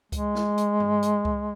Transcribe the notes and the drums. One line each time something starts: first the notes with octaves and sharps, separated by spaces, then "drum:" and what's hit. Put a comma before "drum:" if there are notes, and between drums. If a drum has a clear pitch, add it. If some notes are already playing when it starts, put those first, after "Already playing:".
G#3, drum: kick C#2, hi-hat
drum: snare
drum: hi-hat
drum: tom G2
drum: hi-hat
drum: kick C#2